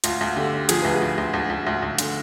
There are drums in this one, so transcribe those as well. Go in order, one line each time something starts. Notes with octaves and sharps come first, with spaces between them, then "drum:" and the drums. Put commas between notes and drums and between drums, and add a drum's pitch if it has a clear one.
D2 F4, drum: hi-hat
D2
D3 G4
D3
F3 G#4, drum: hi-hat
D2 B4
G#4
D2
D2
D2
D2
D2
D2
D3, drum: hi-hat